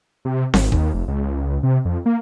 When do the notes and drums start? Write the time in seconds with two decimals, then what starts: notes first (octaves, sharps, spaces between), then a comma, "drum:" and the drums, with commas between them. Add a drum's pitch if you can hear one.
0.25 C3
0.54 G#1, drum: snare C4
0.72 D#2, drum: kick
0.94 F1
1.08 C#2
1.63 C3
1.85 F2
2.06 A#3